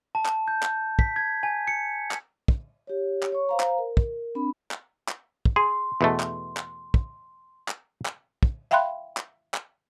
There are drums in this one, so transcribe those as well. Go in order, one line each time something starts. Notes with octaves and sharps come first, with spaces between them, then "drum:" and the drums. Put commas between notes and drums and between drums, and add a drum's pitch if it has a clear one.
A5
drum: clap
G6
drum: clap
B6, drum: kick
G#6
G#5
C#7
drum: clap
drum: kick
G4 C#5
drum: clap
C#5 C#6
C5 F5 A#5
drum: clap
A#4
drum: kick
C4 D4 B5
drum: clap
drum: clap
drum: kick
G#4 C6
E2 B2 A3
drum: clap
drum: clap
drum: kick
drum: clap
drum: clap
drum: kick
E5 F5 G5 B5 C6 F#6
drum: clap
drum: clap